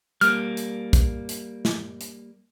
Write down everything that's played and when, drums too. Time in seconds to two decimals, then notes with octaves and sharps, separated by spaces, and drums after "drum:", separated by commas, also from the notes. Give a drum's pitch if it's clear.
0.21 G3 A#3 F6, drum: hi-hat
0.57 drum: hi-hat
0.93 drum: kick B1, hi-hat
1.29 drum: hi-hat
1.65 drum: snare
2.01 drum: hi-hat